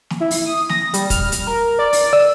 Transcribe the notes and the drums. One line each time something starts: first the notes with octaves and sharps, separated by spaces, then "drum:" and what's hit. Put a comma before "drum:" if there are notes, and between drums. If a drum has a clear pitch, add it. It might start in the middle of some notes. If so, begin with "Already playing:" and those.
drum: snare
E4
drum: open hi-hat
D#6
A#6, drum: snare
G3, drum: hi-hat
F6, drum: kick, hi-hat
drum: hi-hat
A#4
D5
drum: open hi-hat
E6